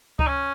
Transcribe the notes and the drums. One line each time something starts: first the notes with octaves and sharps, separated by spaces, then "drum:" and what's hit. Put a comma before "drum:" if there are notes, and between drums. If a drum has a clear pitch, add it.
D#4, drum: kick C#2
C#4